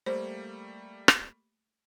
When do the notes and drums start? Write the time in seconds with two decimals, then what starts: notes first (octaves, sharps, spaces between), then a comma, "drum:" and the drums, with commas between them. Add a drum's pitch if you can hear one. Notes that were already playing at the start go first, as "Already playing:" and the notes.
0.06 G3 A3 A#3 C5
1.08 drum: rim click